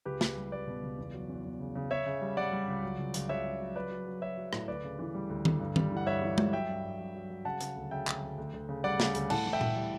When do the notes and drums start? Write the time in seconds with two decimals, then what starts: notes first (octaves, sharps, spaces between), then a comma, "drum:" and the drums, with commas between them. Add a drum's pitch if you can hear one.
0.05 C#2 G4 B4
0.21 C#2, drum: snare
0.37 G3
0.52 G3 B4 D5
0.67 B2
0.83 C#2
0.98 E2
1.14 F#3
1.29 E2
1.45 E2
1.60 C#3
1.75 C#3
1.91 C#3 C#5 E5
2.06 C#3
2.21 G3
2.37 G3 D5 F#5
2.52 G3
2.68 C#2
2.83 F#3
2.99 C#2
3.14 C#2, drum: hi-hat
3.29 C#2 C#5 E5
3.45 C#3
3.60 F#3
3.76 F#3 B4 D5
3.91 F#3
4.07 F#3
4.21 F#3 C#5 E5
4.37 F#3
4.53 A2, drum: rim click
4.68 D2 B4 D5
4.83 C#3
4.99 E3
5.14 G3
5.30 D2
5.45 D2, drum: tom D#3
5.60 G2
5.76 G3, drum: tom D#3
5.91 E3
5.97 F#5
6.06 G2 C#5 E5
6.22 E3
6.38 G3, drum: tom G#3
6.53 F#3 E5 G5
6.69 G2
6.84 G2
6.99 F#3
7.15 F#3
7.30 F#3
7.45 C#3 F#5 A5
7.61 C#3, drum: hi-hat
7.77 D2
7.91 C#3 E5 G5
8.07 D2, drum: clap
8.22 D2
8.38 D2
8.53 D2
8.69 C#3
8.84 G3 D5 F#5
9.00 C#3, drum: snare
9.15 D2, drum: hi-hat
9.30 A2 F#5 A5, drum: cymbal
9.46 E3
9.53 E5 G5
9.61 A2, drum: tom A#2
9.76 G3